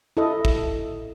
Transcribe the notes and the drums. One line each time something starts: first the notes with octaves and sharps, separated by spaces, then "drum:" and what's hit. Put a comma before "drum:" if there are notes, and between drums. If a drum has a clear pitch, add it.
E4 A4 D#5
drum: kick